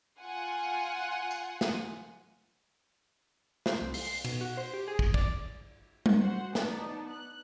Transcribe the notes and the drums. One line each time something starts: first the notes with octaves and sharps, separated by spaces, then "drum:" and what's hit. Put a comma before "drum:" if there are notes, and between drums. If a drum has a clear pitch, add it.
F4 F#5 G#5
drum: tambourine
drum: snare
C5, drum: snare
C2
C7, drum: open hi-hat
C7
B2, drum: cymbal
F#4
C5
G4
G#4
drum: kick
D5, drum: kick
drum: tom G3
F#4 C5 F#5
B3 D4 D#4 A5, drum: snare
F#6